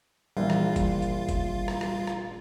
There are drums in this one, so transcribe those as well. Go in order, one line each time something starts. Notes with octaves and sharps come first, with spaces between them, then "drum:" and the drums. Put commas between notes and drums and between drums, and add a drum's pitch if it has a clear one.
A#1 E3 G3 A#3 F4
drum: rim click
drum: kick F#1, hi-hat
drum: hi-hat
drum: kick F#1, hi-hat
drum: rim click
drum: rim click
drum: rim click